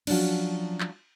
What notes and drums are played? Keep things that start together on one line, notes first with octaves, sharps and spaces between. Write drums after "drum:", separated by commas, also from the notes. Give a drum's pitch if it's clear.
F3 F#3 C#4 D4, drum: cymbal
drum: clap